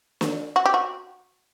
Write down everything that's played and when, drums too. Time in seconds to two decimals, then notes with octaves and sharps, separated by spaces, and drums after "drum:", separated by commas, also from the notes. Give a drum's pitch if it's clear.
0.21 drum: snare
0.56 F#4
0.66 G4
0.74 F#4